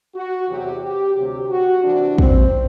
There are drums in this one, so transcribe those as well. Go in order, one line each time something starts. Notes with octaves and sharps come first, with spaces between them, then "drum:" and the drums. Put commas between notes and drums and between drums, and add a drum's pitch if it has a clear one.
F#4
E2 C3 F#3 G4
G4
D2 C3 F#3 G4
F#4
C2 C3 E3 D4
C4, drum: kick